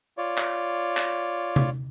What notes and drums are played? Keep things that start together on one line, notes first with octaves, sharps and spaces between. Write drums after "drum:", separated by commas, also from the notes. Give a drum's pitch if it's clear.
F4 C#5 D5
drum: clap
drum: clap
drum: tom C3